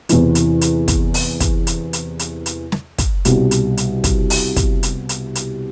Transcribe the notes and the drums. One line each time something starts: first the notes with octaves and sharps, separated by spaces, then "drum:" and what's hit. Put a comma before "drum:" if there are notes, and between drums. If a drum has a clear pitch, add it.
E2 C3 E3, drum: hi-hat
drum: hi-hat
drum: hi-hat
drum: kick, hi-hat
drum: open hi-hat
drum: kick, hi-hat
drum: hi-hat
drum: hi-hat
drum: hi-hat
drum: hi-hat
drum: snare
drum: kick, hi-hat
C2 B2 G3, drum: hi-hat
drum: hi-hat
drum: hi-hat
drum: kick, hi-hat
drum: open hi-hat
drum: kick, hi-hat
drum: hi-hat
drum: hi-hat
drum: hi-hat